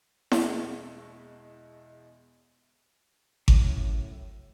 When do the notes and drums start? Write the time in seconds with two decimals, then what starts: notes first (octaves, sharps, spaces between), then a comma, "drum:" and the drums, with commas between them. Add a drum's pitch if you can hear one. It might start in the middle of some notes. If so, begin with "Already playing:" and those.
0.32 E2 B2 G#3 E4 C#6, drum: snare E4
3.48 F#2 A2, drum: kick G#1